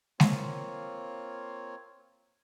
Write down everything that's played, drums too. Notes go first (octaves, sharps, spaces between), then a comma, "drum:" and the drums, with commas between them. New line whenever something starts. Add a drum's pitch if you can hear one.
A#3 C4 F4 C#5, drum: snare G#3